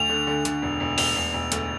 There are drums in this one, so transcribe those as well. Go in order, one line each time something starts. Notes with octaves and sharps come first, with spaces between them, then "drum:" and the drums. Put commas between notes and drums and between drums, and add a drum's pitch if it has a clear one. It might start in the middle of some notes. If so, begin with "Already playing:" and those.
Already playing: D2 F7
D3
D3
D3, drum: hi-hat
E1
E1
E1 F7, drum: open hi-hat
E1
E1
D2, drum: hi-hat